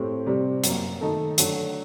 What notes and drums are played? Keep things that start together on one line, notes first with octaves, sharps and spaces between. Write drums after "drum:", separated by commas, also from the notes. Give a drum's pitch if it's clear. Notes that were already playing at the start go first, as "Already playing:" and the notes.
Already playing: A2 A3 C4 G4
C3 G3 C4
F#2 F#3 A#3, drum: hi-hat
D#3 A3 D#4 A4 D#5
D3 F#3 A3 D4 A4, drum: hi-hat